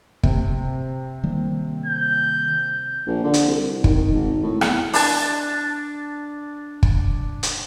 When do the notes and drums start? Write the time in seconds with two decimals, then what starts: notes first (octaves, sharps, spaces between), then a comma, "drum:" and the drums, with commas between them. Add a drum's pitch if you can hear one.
0.23 C3, drum: kick
1.24 D#3 G3 A#3
1.86 G6
3.06 A#1
3.24 D3
3.34 drum: hi-hat
3.48 C2
3.84 D#3, drum: kick
4.13 G#1
4.43 A2
4.61 E2, drum: rim click
4.93 D4 A5, drum: open hi-hat
6.83 drum: kick
7.43 drum: hi-hat